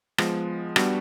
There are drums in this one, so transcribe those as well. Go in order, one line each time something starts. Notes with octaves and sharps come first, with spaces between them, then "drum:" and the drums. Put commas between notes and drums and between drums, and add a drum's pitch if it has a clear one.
F3 G#3 B3, drum: rim click
G3 B3 D4 F#4, drum: rim click